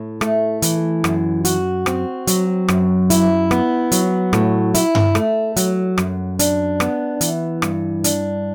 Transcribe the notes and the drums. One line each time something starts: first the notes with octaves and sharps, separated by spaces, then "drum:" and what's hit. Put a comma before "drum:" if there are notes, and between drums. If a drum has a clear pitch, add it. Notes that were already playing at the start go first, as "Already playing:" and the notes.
Already playing: A2
A3, drum: rim click
E3, drum: hi-hat
F#2, drum: rim click
F#4, drum: hi-hat
C4, drum: rim click
F#3, drum: hi-hat
F#2, drum: rim click
E4, drum: hi-hat
B3, drum: rim click
F#3, drum: hi-hat
A2, drum: rim click
E4, drum: hi-hat
drum: tom G2
A3, drum: rim click
F#3, drum: hi-hat
F#2, drum: rim click
D4, drum: hi-hat
B3, drum: rim click
E3, drum: hi-hat
G2, drum: rim click
D4, drum: hi-hat